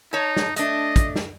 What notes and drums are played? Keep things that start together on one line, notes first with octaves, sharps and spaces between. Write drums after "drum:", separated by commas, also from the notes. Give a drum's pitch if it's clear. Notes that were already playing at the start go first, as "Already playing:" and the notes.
D#4 C#5 A5
drum: snare
A3 D4 D#5, drum: hi-hat
drum: kick, hi-hat
drum: snare